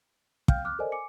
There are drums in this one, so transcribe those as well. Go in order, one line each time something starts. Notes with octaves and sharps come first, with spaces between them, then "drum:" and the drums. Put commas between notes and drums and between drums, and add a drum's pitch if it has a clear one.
F5 G5 F6 G6, drum: kick
D6 F6 F#6
A4 A#4 C5 D5 D#5 G#5
G#5 D6 C#7